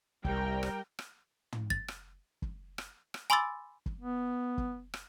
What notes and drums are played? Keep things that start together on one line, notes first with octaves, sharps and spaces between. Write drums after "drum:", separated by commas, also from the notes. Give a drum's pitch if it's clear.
C2 G3 A#4 G5, drum: kick
drum: rim click
drum: rim click
drum: tom
A6, drum: kick
drum: rim click
drum: kick
drum: rim click
drum: rim click
G#5 B5 C6 D6 E6 A6
drum: kick
B3
drum: kick
drum: rim click